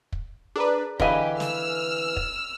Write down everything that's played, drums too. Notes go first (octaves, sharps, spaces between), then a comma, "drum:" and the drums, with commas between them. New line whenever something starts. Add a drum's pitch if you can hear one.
drum: kick
D4 G#4 A#4 B4 A#5
D3 E3 G4 B4 D#5 F5 G#5 B5, drum: kick
E6 F6, drum: snare
D#5, drum: kick